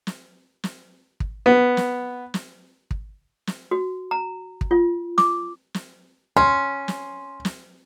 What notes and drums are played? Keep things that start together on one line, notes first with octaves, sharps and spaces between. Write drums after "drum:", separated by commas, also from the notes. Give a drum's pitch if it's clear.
drum: snare
drum: snare
drum: kick
B3
drum: snare
drum: snare
drum: kick
drum: snare
F#4
A#5
drum: kick
F4
D6, drum: snare
drum: snare
C#4 C6
drum: snare
drum: snare